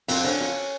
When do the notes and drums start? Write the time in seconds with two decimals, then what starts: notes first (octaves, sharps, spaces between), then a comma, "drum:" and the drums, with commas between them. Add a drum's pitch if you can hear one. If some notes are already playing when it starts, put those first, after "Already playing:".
0.08 F2 C4, drum: open hi-hat
0.24 D3 C#4
0.40 F2